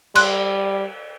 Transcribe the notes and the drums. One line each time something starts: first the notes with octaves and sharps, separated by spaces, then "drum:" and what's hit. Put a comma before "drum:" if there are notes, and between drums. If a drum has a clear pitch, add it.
G3 C6 F#6, drum: cymbal